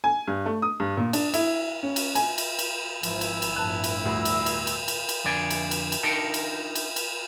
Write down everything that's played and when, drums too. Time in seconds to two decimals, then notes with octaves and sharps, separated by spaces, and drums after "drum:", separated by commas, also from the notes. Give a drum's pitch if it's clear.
0.04 G#5
0.28 G2
0.46 A3
0.62 D#6
0.80 G2
0.97 A#2
1.13 D4, drum: cymbal
1.34 E4, drum: cymbal
1.83 C#4
1.96 drum: cymbal
2.15 G#5, drum: cymbal
2.38 drum: cymbal
2.59 drum: cymbal
3.03 G#1 F3 E4, drum: cymbal
3.21 drum: cymbal
3.42 drum: cymbal
3.56 G1 A2 F3 A5 F#6
3.84 drum: cymbal
4.05 D2 G3 A#5 E6
4.25 drum: cymbal
4.46 drum: cymbal
4.67 drum: cymbal
4.88 drum: cymbal
5.09 drum: cymbal
5.24 F2 D3 D5 G#5
5.50 drum: cymbal
5.71 drum: cymbal
5.92 drum: cymbal
6.03 D4 D#4 A4 A#4 G5 A5
6.34 drum: cymbal
6.75 drum: cymbal
6.96 drum: cymbal